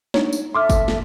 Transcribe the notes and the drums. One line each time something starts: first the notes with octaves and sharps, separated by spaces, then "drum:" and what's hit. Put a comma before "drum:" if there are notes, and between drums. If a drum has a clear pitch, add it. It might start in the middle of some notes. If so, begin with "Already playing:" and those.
D4 D#4 C#5, drum: snare
drum: tambourine
A4 E5 C6 D6 F6
drum: kick, tambourine
drum: snare